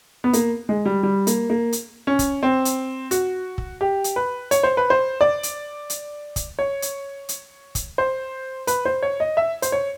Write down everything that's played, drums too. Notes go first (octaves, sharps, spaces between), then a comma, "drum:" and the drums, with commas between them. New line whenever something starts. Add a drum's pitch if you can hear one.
B3
A#3, drum: hi-hat
G#3
G3
G3
A#3, drum: hi-hat
A#3
drum: hi-hat
C#4
drum: kick, hi-hat
C4
drum: hi-hat
F#4, drum: hi-hat
drum: kick
G4
drum: hi-hat
B4
C#5, drum: hi-hat
C5
B4
C5
D5
drum: hi-hat
drum: hi-hat
drum: kick, hi-hat
C#5
drum: hi-hat
drum: hi-hat
drum: kick, hi-hat
C5
B4, drum: hi-hat
C5
C#5
D#5
E5
C5, drum: hi-hat
C#5